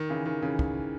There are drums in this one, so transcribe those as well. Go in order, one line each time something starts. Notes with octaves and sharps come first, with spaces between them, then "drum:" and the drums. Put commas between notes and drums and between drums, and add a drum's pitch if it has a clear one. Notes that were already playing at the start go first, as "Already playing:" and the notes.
Already playing: D#3
C#3 E3
D#3
C#3 E3
drum: kick